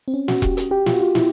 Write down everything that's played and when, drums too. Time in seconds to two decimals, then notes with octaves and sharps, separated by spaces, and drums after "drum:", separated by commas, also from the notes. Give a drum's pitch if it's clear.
0.08 C4
0.14 C#4
0.28 F#4, drum: snare
0.42 G4, drum: kick E1
0.57 drum: hi-hat
0.71 G4
0.86 F4, drum: snare
0.94 F#4
1.00 F4
1.15 E4, drum: snare